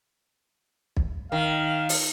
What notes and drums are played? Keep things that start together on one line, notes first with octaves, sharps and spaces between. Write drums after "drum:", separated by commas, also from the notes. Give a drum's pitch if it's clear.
drum: kick
D#3 F5
drum: open hi-hat